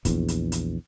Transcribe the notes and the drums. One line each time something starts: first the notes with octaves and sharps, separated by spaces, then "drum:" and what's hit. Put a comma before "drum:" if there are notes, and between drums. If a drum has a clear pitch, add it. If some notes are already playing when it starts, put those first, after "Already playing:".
A#1 E2, drum: kick, hi-hat
drum: hi-hat
drum: hi-hat